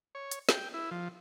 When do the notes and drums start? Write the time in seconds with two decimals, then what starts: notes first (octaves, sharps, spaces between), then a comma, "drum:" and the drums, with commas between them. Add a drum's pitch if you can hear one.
0.15 C#5
0.31 drum: hi-hat
0.49 G5, drum: snare
0.74 E4
0.91 F3